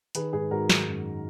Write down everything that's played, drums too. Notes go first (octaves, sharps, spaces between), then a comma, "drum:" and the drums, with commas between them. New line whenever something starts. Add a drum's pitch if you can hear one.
D#3 G#4 B4, drum: hi-hat
G#2 G#4 B4
G#2 F#4 A#4
D#3, drum: snare
F#2